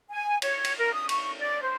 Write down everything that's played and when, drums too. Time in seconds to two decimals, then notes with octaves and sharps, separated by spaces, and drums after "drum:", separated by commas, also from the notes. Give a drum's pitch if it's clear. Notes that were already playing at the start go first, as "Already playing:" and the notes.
0.10 G#5
0.42 C#5, drum: cymbal
0.64 drum: cymbal
0.78 A#4
0.93 D#6
1.09 C#6, drum: cymbal
1.39 D5
1.61 C5